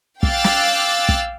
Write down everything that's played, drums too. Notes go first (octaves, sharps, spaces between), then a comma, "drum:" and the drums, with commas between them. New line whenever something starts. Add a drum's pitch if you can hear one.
F5 G5 D6 E6 F#6 A6, drum: kick
drum: snare
drum: kick